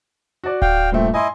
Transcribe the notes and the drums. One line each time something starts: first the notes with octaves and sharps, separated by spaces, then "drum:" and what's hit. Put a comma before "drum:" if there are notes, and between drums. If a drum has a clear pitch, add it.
F#4 D5
F5 G5, drum: kick D1
G2 A#2 A3 C4
E4 D#5 G#5 C6